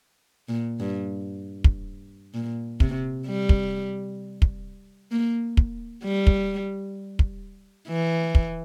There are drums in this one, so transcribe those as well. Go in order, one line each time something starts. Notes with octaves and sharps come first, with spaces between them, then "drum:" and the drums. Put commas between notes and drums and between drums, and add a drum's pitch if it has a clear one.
A#2
G2
drum: kick
A#2
C3, drum: kick
G3
drum: kick
drum: kick
A#3
drum: kick
G3
drum: kick
drum: kick
E3
drum: kick